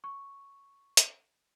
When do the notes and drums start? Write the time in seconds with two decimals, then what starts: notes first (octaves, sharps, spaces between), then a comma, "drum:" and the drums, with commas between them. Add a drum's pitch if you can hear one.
0.04 C#6
0.97 drum: hi-hat